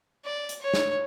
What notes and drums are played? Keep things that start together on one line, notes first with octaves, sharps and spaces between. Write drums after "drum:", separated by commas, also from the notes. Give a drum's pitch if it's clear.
D5
drum: hi-hat
C#5
drum: snare